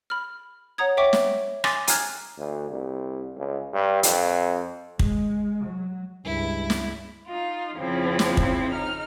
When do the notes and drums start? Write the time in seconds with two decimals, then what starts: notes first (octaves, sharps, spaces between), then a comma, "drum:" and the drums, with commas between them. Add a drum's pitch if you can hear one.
0.10 B5 F6
0.78 C#5 F#5 A#5 D#6 G#6
0.97 C#5 E5 G5 C#6 D6
1.13 drum: snare
1.64 G#5 C6 D6 D#6 A6, drum: rim click
1.88 G#5 A#5 D#6 F6 F#6 G#6, drum: hi-hat
2.38 D2
2.70 C2
3.36 C#2
3.73 G2
4.03 F2, drum: hi-hat
4.99 G#3, drum: kick
5.65 F#3
6.25 C#2 G2 E4
6.70 drum: snare
7.29 D#4 F4
7.76 F2 C#3 F3 C4 E4
8.19 drum: snare
8.37 drum: kick
8.72 D#4 F6